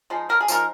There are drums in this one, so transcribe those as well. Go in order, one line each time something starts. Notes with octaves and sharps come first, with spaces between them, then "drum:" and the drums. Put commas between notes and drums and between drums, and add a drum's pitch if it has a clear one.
F3 G#3 D#4
D3 A#4
G#4
F3 G#3 D#4 A#4, drum: tambourine